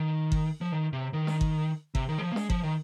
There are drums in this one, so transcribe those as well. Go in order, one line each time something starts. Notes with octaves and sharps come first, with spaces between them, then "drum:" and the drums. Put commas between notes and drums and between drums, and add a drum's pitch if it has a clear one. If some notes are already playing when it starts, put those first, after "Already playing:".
Already playing: D#3
drum: kick G1
F3
D#3
C3
D#3
drum: snare
drum: kick G1
C3, drum: kick G1
D#3
G#3
F3
A#3
G#3, drum: snare
F3, drum: kick G1
D#3